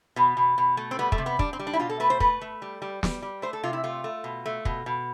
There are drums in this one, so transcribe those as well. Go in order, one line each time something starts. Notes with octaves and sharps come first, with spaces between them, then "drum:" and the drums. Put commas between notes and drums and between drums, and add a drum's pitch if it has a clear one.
B2 B3
B2
B2
A3
C4
G3 B3
A3, drum: kick
C3
B3
G3 D4, drum: kick
C4
G3
D4
E4
B2 F4
A4
A3 B4
C5
A3 B4, drum: kick
A3
G3
G3
G3, drum: snare
G3
A3 C5
A4
C3 F4
E4
A3 F4
A3
B2
A3
B2, drum: kick
B2